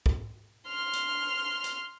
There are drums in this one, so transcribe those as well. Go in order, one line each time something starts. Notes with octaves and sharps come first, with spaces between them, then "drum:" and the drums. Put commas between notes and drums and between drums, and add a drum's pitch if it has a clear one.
drum: kick
C6 F6
drum: hi-hat
drum: hi-hat